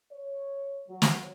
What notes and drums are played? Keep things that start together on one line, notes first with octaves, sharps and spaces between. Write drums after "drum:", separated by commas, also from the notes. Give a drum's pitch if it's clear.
C#5
F#3
drum: snare